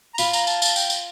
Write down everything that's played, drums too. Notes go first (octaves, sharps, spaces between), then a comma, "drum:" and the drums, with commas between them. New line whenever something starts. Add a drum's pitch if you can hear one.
A#5
F4 B5, drum: tambourine
A#5, drum: tambourine
A5, drum: tambourine
A5, drum: tambourine
G5, drum: tambourine
drum: tambourine